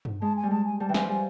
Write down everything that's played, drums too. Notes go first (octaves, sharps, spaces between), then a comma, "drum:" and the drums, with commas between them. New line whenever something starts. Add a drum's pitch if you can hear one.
drum: tom G2
G#3 A5
G#5
G3
G#3 A5
G#5
G3 A5
E3 G5
F3 G#5, drum: snare
G3 G#5